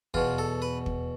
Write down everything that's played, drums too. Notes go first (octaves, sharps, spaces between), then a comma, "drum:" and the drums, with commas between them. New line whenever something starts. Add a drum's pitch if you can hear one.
E2 B2 F4, drum: kick
A4
B4
drum: kick